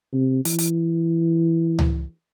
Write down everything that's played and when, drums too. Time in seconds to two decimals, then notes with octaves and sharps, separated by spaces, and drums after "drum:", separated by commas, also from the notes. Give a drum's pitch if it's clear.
0.13 C3
0.45 E3, drum: hi-hat
0.59 drum: hi-hat
1.79 drum: tom C#2